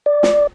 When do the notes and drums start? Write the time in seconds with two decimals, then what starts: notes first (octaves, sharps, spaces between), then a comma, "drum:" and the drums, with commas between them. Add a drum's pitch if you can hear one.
0.06 D5
0.23 drum: snare